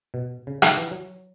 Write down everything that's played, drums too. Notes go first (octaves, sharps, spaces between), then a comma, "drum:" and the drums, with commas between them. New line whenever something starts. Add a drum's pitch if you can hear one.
B2
C#3
D#3, drum: rim click
E3
F#3